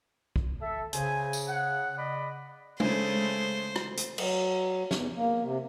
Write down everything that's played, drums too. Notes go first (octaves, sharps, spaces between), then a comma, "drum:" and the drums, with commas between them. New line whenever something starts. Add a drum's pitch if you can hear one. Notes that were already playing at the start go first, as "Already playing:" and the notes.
drum: kick
A4 E5
C#3 C5 G#5, drum: hi-hat
drum: tambourine
F#5
D5 D#5 B5
C#3 G#3 A3 C5, drum: tom G#3
drum: rim click
drum: hi-hat
F#3, drum: cymbal
E2, drum: snare
A#3
C3